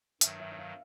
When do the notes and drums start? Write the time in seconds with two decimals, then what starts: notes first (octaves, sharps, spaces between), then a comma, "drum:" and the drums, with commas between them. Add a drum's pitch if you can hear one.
0.21 G2 D#3 F#3 E5, drum: hi-hat
0.40 E5
0.52 E5
0.59 F5